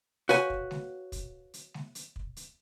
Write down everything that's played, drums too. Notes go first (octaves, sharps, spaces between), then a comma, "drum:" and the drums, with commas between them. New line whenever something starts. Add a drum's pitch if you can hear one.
F#4 B4 C#5 F5 G#5, drum: hi-hat
drum: kick
drum: snare G#3
drum: kick, hi-hat
drum: hi-hat
drum: snare G#3
drum: hi-hat
drum: kick
drum: hi-hat